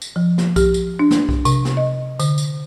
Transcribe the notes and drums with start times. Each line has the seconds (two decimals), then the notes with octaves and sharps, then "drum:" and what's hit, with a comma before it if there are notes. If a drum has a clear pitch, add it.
0.02 drum: tambourine
0.16 F3
0.38 drum: snare
0.56 G4, drum: kick B1, tambourine
0.74 drum: tambourine
0.99 D4
1.11 drum: snare
1.29 drum: kick B1
1.45 C3, drum: tambourine
1.65 drum: snare
1.77 D#5
2.20 D3, drum: tambourine
2.38 drum: tambourine